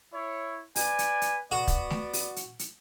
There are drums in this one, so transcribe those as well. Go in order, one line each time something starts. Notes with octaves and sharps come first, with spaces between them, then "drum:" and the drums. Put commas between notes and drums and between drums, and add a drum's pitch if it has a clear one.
E4 C#5
B4 D5 G#5, drum: open hi-hat
drum: hi-hat
drum: hi-hat
B3 F#4 D5
drum: kick, hi-hat
drum: snare A3
drum: open hi-hat
drum: hi-hat
drum: hi-hat